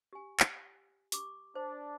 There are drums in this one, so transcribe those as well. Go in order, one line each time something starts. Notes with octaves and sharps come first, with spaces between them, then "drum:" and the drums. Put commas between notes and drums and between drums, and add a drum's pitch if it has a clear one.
G4 G#5
drum: clap
G4 D6, drum: hi-hat
D4 C5